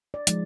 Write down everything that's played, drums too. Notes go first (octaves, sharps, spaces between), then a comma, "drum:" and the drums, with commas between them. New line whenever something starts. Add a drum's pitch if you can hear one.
D5
F3 G#3 D#4, drum: hi-hat